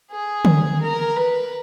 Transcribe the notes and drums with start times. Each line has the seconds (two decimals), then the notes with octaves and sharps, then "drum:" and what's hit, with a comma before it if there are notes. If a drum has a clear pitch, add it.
0.11 G#4
0.45 drum: tom D3
0.82 A#4
1.16 B4